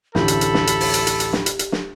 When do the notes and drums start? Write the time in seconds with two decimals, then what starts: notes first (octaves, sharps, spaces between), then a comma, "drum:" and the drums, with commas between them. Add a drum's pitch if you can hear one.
0.15 A1 D2 G4 A4 B5, drum: snare
0.28 drum: hi-hat
0.41 drum: hi-hat
0.54 drum: snare
0.67 drum: hi-hat
0.80 drum: open hi-hat
0.94 drum: hi-hat
1.07 drum: hi-hat
1.20 drum: hi-hat
1.33 drum: snare
1.46 drum: hi-hat
1.59 drum: hi-hat
1.72 drum: snare